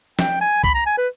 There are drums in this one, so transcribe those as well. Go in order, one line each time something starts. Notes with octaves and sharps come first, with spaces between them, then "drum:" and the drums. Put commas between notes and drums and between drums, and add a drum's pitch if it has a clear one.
G5, drum: snare
G#5
B5, drum: kick C2
A#5
G#5
B4